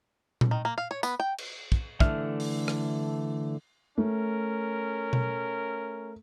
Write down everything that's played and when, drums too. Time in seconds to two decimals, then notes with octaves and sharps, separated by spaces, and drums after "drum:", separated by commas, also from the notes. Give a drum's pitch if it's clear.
0.41 drum: tom A#2
0.51 D#3
0.65 A#3
0.78 F5
0.91 C#5
1.03 B3, drum: tambourine
1.20 G5
1.38 drum: cymbal
1.72 drum: kick
2.00 D3 E3 A3 E5 F6, drum: kick
2.40 drum: open hi-hat
2.68 drum: rim click
3.98 A3 C#4 A#4
5.13 drum: tom B2